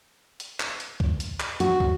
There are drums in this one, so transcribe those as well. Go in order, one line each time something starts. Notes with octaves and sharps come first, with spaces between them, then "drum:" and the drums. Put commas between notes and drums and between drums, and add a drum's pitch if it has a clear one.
drum: hi-hat
drum: clap
drum: hi-hat
drum: kick
drum: hi-hat
drum: clap
F#4, drum: hi-hat
drum: kick